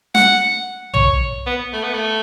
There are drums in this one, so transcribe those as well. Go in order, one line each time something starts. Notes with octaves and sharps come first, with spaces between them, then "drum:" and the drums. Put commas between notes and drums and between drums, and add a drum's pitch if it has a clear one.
F#5, drum: snare
C#5, drum: tom
B3
A3
B3
A3